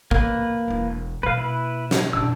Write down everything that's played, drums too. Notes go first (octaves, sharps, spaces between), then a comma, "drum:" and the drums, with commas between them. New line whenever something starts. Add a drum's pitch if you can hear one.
A#3 B4, drum: kick
E1 E4
B2 A#3 B4 F5
E4 B4
drum: snare
F#2 B2 D4 E6